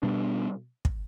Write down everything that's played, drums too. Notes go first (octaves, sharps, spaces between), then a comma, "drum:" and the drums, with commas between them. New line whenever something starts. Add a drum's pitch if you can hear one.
B2 G3 B3 D4
drum: kick